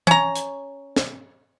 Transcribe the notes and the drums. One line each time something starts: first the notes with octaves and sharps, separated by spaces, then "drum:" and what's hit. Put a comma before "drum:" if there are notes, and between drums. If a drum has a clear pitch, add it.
C#4 A#5, drum: tom E3
drum: hi-hat
drum: snare